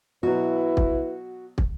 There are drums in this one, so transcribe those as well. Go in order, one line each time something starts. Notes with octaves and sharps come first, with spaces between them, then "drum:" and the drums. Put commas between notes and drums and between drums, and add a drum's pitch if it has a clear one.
B2 F#3 E4 F#4 B4
drum: kick
drum: kick